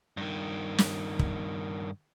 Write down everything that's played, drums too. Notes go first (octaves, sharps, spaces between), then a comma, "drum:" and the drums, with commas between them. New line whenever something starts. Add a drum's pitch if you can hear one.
G2 D#3
drum: snare
drum: kick